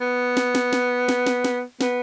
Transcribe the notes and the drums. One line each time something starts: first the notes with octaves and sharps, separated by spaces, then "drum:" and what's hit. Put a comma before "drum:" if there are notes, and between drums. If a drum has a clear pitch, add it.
B3
drum: snare
drum: snare
drum: snare
drum: snare
drum: snare
drum: snare
B3, drum: snare